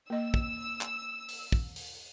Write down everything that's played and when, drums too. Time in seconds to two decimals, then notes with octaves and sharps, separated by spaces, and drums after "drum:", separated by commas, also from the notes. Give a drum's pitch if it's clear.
0.10 A#3 D#5 E6
0.34 drum: kick
0.81 drum: clap
1.29 drum: open hi-hat
1.52 drum: kick
1.76 drum: open hi-hat